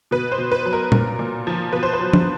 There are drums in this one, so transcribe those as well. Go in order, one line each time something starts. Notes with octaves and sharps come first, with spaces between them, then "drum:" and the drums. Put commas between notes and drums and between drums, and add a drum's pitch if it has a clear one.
B2 B4
C5
B2
B4
F#3
A#4
A#2 A#4, drum: tom
A#2
F3
B2 B4
C5
B4
F#3
drum: tom